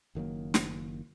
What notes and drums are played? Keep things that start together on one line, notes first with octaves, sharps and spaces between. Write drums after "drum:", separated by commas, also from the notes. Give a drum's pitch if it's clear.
F#1 D#3 F#3 A#3
drum: snare